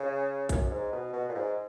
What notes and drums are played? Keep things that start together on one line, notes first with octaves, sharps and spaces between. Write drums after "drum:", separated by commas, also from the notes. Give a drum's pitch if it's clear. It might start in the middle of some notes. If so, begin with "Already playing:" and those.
Already playing: C#3
F#2, drum: kick A1, hi-hat
G#2
B2
B2
A#2
G#2